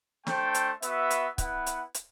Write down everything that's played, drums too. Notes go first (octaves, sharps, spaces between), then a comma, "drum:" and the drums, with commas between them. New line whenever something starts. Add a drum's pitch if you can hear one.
A3 D4 A4 C5 G5, drum: snare
drum: hi-hat
B3 F#4 B4 E5, drum: hi-hat
drum: hi-hat
B3 E4 B4 F#5, drum: kick, hi-hat
drum: hi-hat
drum: hi-hat